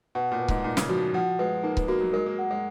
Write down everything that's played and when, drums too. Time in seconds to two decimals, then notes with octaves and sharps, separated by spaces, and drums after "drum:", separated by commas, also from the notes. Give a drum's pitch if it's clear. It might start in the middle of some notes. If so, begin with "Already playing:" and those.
0.15 B2 F#5
0.32 A#2
0.40 B4
0.48 G#2, drum: kick C#1
0.64 A#2 D#4
0.77 C#3, drum: snare
0.89 F3 F#4
1.14 F3 F#5
1.39 G#3 B4
1.63 A#3 D#4
1.77 B3, drum: kick C#1
1.88 A#3 F#4
2.00 F#3
2.13 G#3 A#4
2.26 A#3
2.39 F#5
2.51 G#3